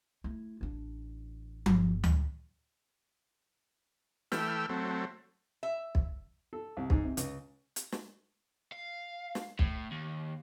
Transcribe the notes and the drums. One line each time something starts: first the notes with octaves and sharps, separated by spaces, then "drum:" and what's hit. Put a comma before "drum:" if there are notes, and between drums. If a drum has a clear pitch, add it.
A3 E4
A1 D4
G1 A#2, drum: tom F3
drum: tom D2
E3 A3 G5 E6 F6, drum: snare
F#3 A3 C4
E5
drum: kick
A4
C2
G#2, drum: kick
C3
C#2, drum: hi-hat
drum: hi-hat
drum: snare
F5
drum: snare
A2, drum: kick
D#2